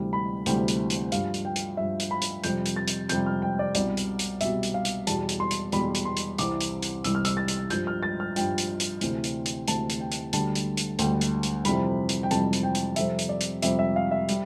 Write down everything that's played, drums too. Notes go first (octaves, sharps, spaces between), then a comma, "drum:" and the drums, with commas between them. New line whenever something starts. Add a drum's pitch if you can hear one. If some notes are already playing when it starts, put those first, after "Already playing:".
Already playing: D2 C3 E3 G3
B5
D2 C3 E3 G3 G5, drum: hi-hat
drum: hi-hat
drum: hi-hat
G2 F3 F5, drum: hi-hat
drum: hi-hat
G5
drum: hi-hat
G2 F3 E5
drum: hi-hat
B5
drum: hi-hat
F2 C3 G3 G6, drum: hi-hat
drum: hi-hat
A6
drum: hi-hat
F2 C3 G3 G6, drum: hi-hat
F6
G5
D5
C2 B2 G3 D5, drum: hi-hat
drum: hi-hat
drum: hi-hat
C2 B2 G3 E5, drum: hi-hat
drum: hi-hat
F5
drum: hi-hat
E2 B2 G3 A5, drum: hi-hat
drum: hi-hat
C6
drum: hi-hat
E2 B2 G3 B5, drum: hi-hat
drum: hi-hat
C6
drum: hi-hat
C2 C3 E3 G3 D6, drum: hi-hat
drum: hi-hat
drum: hi-hat
C2 C3 E3 G3 E6, drum: hi-hat
F6
E6, drum: hi-hat
A6
drum: hi-hat
G2 F3 G6, drum: hi-hat
F6
A6
F6
G2 F3 G5, drum: hi-hat
drum: hi-hat
drum: hi-hat
D2 C3 E3, drum: hi-hat
drum: hi-hat
drum: hi-hat
D2 C3 E3 A5, drum: hi-hat
drum: hi-hat
G5
drum: hi-hat
D2 D3 G3 A5, drum: hi-hat
drum: hi-hat
drum: hi-hat
D2 D3 G3 G5, drum: hi-hat
drum: hi-hat
drum: hi-hat
F2 C3 E3 G3 B5, drum: hi-hat
drum: hi-hat
G5
F2 C3 E3 G3 A5, drum: hi-hat
drum: hi-hat
G5
drum: hi-hat
F2 C3 G3 E5, drum: hi-hat
drum: hi-hat
D5
drum: hi-hat
F2 C3 G3 E5, drum: hi-hat
E5
F5
E5
G3, drum: hi-hat